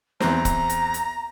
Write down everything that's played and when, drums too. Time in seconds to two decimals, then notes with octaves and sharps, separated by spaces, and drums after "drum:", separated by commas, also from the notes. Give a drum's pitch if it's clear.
0.20 E2 C4 A#5, drum: snare
0.45 drum: kick, hi-hat
0.69 drum: hi-hat
0.94 drum: hi-hat